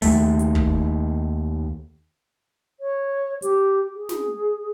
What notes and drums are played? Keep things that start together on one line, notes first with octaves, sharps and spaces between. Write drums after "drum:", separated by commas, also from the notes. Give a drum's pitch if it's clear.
D#2 A3, drum: open hi-hat
drum: hi-hat
drum: kick
C#5
G4, drum: hi-hat
G#4
drum: snare